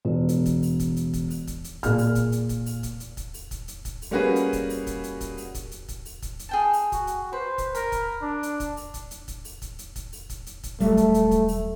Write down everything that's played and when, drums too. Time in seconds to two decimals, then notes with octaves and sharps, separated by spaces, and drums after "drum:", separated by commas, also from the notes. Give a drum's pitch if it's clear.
0.05 E1
0.29 drum: hi-hat
0.46 drum: kick, hi-hat
0.63 drum: open hi-hat
0.80 drum: kick, hi-hat
0.96 drum: hi-hat
1.13 drum: kick, hi-hat
1.30 drum: open hi-hat
1.47 drum: kick, hi-hat
1.64 drum: hi-hat
1.83 A#2 G#4 F6, drum: kick, hi-hat
1.98 drum: open hi-hat
2.15 drum: kick, hi-hat
2.32 drum: hi-hat
2.49 drum: kick, hi-hat
2.66 drum: open hi-hat
2.83 drum: kick, hi-hat
3.00 drum: hi-hat
3.17 drum: kick, hi-hat
3.34 drum: open hi-hat
3.51 drum: kick, hi-hat
3.68 drum: hi-hat
3.85 drum: kick, hi-hat
4.02 drum: open hi-hat
4.11 G3 A#3 C#4 F#4 G#4 B4
4.36 drum: hi-hat
4.53 drum: kick, hi-hat
4.70 drum: open hi-hat
4.87 drum: kick, hi-hat
5.04 drum: hi-hat
5.21 drum: kick, hi-hat
5.38 drum: open hi-hat
5.55 drum: kick, hi-hat
5.71 drum: hi-hat
5.88 drum: kick, hi-hat
6.05 drum: open hi-hat
6.22 drum: kick, hi-hat
6.39 drum: hi-hat
6.49 G#4 G5 A5
6.73 drum: open hi-hat
6.92 F#4, drum: kick, hi-hat
7.07 drum: hi-hat
7.33 B4 C5
7.58 drum: kick, hi-hat
7.75 A#4 B5, drum: hi-hat
7.92 drum: kick, hi-hat
8.22 D4
8.43 drum: hi-hat
8.60 drum: kick, hi-hat
8.77 drum: open hi-hat
8.94 drum: kick, hi-hat
9.11 drum: hi-hat
9.28 drum: kick, hi-hat
9.45 drum: open hi-hat
9.62 drum: kick, hi-hat
9.79 drum: hi-hat
9.96 drum: kick, hi-hat
10.13 drum: open hi-hat
10.30 drum: kick, hi-hat
10.46 drum: hi-hat
10.63 drum: kick, hi-hat
10.80 D#1 F#3 G3 A3, drum: open hi-hat
10.97 drum: kick, hi-hat
11.14 drum: hi-hat
11.31 drum: kick, hi-hat
11.48 drum: open hi-hat